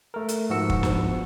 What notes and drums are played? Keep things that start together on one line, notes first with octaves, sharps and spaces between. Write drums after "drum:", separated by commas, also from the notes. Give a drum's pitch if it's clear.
A3 A#4
drum: hi-hat
G#2 F3 B3 F#4 E6 C#7
drum: kick
drum: snare